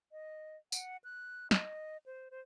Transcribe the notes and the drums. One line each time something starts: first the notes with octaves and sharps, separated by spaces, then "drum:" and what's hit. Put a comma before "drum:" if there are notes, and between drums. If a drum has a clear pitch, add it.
D#5
F#5, drum: tambourine
F#6
D#5, drum: snare
C5
C5